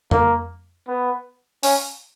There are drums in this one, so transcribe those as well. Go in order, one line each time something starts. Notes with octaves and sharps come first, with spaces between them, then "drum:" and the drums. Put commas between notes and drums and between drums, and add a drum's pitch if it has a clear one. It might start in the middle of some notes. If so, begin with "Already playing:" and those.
A#3, drum: tom F2
B3
C#4, drum: open hi-hat